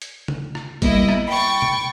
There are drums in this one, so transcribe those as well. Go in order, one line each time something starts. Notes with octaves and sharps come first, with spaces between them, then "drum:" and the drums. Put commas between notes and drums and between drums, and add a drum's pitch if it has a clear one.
drum: hi-hat
drum: tom
drum: rim click
G3 A#3 B3 E4 D#5, drum: kick G#1, hi-hat
drum: rim click
G5 B5 C#6 A6
drum: tom B2